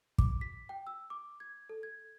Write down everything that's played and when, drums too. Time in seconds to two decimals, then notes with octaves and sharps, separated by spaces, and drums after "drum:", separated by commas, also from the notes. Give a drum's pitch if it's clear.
0.18 D6, drum: kick
0.41 B6
0.69 G5
0.87 E6
1.10 D6
1.40 G#6
1.69 A4
1.83 G#6